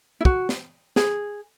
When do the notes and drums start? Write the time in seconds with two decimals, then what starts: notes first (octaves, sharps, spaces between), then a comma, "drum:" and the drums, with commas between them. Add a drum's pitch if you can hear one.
0.21 E4
0.25 F#4, drum: kick
0.49 drum: snare
0.96 G#4, drum: snare